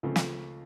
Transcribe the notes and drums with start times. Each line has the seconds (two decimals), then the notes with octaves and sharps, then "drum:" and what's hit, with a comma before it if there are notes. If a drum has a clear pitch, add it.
0.03 C#2 C#3 F3 A3 C4
0.16 drum: snare